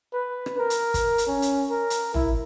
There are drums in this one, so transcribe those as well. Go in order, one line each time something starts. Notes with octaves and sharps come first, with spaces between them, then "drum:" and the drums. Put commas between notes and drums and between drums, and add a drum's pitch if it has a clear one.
B4
drum: rim click
A#4
drum: hi-hat
drum: kick, hi-hat
drum: hi-hat
C#4
drum: hi-hat
A#4
drum: hi-hat
E4, drum: tom A1